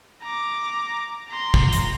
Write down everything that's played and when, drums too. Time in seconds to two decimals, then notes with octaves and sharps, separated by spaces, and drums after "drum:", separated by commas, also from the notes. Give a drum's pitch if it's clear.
0.23 A#5 D6
1.29 A#5 C6
1.54 drum: kick
1.73 drum: hi-hat